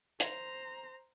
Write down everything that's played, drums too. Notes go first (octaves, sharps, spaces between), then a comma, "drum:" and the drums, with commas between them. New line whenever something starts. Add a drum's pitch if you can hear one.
C5 A#5, drum: hi-hat